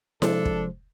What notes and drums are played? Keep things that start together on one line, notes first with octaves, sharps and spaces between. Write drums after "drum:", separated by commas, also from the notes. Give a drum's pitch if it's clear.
C3 F3 G#3 D4 A4 C5, drum: snare E4
drum: kick